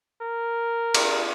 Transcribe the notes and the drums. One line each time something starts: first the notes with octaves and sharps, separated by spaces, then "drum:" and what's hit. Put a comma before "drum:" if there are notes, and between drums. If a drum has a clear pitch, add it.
A#4
drum: cymbal